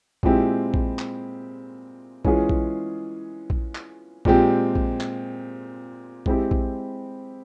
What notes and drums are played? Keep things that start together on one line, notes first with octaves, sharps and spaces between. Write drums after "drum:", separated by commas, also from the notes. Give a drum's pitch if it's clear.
A#2 G#3 C4 E4 G4, drum: kick A#1
drum: kick A#1
drum: clap
E3 G#3 C#4 F4 G#4, drum: kick A#1
drum: kick A#1
drum: kick A#1
drum: clap
A#2 G#3 C4 G4, drum: kick A#1
drum: kick A#1
drum: clap
G#3 C4 E4 G4, drum: kick A#1
drum: kick A#1